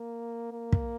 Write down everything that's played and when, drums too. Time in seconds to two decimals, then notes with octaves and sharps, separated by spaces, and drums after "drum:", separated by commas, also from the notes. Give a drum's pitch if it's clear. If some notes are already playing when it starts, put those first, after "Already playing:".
Already playing: A#3
0.52 A#3
0.72 drum: kick